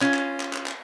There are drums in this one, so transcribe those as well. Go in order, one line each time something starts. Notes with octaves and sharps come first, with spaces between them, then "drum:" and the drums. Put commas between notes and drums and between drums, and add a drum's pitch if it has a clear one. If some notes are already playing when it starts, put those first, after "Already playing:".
C#4 F4, drum: clap
drum: clap
drum: clap
drum: clap
drum: clap